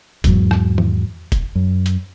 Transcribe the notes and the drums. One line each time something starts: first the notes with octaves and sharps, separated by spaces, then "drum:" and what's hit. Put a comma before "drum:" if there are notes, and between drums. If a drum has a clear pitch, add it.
E2 G#2 F#3, drum: kick, hi-hat
drum: rim click
drum: tom D#3
drum: kick, hi-hat
F#2
drum: hi-hat